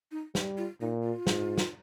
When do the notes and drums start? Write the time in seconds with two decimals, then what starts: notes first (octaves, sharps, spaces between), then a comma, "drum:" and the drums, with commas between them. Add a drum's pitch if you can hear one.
0.11 D#4
0.35 G3 G4, drum: snare
0.57 F4
0.81 A#2 D#4
1.03 F4
1.27 G#2, drum: snare
1.58 drum: snare